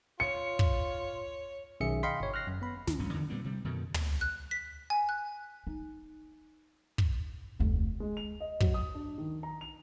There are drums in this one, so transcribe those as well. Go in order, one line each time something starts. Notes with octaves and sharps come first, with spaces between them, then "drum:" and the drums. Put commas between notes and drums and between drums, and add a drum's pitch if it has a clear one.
F4 C#5 C#7
drum: kick
B1 D#3 C#4 G#4 E5 C#7
D#5 F5 G5 B5 C6 B6
G1 C#5
F6 F#6 A#6 C7
F#2
B3 B5
D#2, drum: snare
A#1 G2 C#4
E2 D3 D#3
A#2 G3 B3 C4
C3 G3
F#2 B2 D3 D#3
drum: tom
F#6
B6
G#5
F#6
D#4
drum: kick
F1 D2
G#3
F7
D#5
F#3, drum: kick
D#6
D4
D#3
A#5
F7